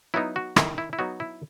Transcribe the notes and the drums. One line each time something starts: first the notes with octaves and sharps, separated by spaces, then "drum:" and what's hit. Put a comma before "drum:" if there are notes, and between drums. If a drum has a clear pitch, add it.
F#3 B3 D#4 E4
F#4
D#3 E4, drum: rim click
E4
E4
F#3 B3 D#4 F#4
E4